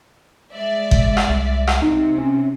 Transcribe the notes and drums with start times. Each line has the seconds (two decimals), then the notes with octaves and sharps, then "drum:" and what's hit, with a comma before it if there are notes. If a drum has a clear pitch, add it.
0.52 G#3 D5 E5
0.91 drum: kick G1
1.17 drum: rim click
1.28 C2
1.67 drum: rim click
1.82 C3 D#4
2.18 C#4